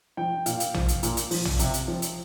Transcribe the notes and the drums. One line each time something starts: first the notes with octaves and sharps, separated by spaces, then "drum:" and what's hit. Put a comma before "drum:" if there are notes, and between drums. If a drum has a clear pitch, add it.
F3 G5
A#2 F5, drum: hi-hat
drum: hi-hat
F3, drum: tom A#1
drum: hi-hat
A#2, drum: hi-hat
drum: hi-hat
F3, drum: open hi-hat
drum: tom A#1
C3, drum: hi-hat
drum: hi-hat
F3
drum: hi-hat